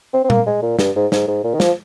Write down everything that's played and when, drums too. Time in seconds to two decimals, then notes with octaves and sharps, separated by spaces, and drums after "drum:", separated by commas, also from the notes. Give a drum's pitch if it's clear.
0.13 C4
0.24 C4
0.30 A#3, drum: tom A#2
0.46 G#3
0.62 A#2
0.79 G2, drum: snare
0.96 G#2
1.12 G#2, drum: snare
1.28 G#2
1.44 A#2
1.54 D#3
1.60 F3, drum: snare